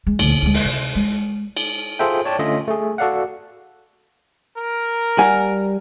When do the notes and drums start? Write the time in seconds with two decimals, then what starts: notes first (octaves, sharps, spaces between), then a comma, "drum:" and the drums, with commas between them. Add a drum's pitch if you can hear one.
0.07 G#3
0.19 D#1 D2, drum: cymbal
0.42 D2 G#3
0.54 drum: open hi-hat
0.64 C3
0.95 G#3
1.57 drum: cymbal
1.99 F4 G#4 A4 C5 E5 G5
2.25 C#5 D5 G5 A5
2.39 D3 A3 C#4 F4 D#5 E5
2.68 A3 G#4
2.98 F#4 A4 D5 F5 F#5
4.57 A#4
5.18 G3 F#5 G#5, drum: snare